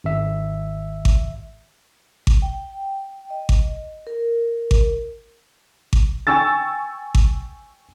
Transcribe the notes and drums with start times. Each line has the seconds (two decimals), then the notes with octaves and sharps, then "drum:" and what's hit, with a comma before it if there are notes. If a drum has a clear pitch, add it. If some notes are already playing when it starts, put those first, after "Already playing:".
0.04 G#1 E5
1.05 drum: kick G#1
2.27 drum: kick G#1
2.42 G5
3.30 D#5
3.49 drum: kick G#1
4.07 A#4
4.71 drum: kick G#1
5.93 drum: kick G#1
6.27 G5 G#5 C#6 E6 A6
7.15 drum: kick G#1